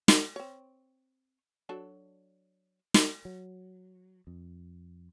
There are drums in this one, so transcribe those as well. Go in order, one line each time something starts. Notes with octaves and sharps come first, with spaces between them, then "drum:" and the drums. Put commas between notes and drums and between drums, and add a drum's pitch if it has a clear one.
F#5, drum: snare
C4 C#5
F#3 D4 A4
drum: snare
F#3
F2